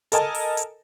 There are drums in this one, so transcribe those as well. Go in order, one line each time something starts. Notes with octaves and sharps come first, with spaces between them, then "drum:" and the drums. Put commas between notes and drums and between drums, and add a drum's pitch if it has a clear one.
A4 A#4 D#5 G#5 A5, drum: hi-hat
drum: open hi-hat
drum: hi-hat